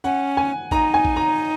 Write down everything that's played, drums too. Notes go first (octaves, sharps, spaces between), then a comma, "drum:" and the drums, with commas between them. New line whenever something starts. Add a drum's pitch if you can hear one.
C#4 F#5
G#5
D#4 A#5, drum: kick A1
G#5
drum: kick A1
A#5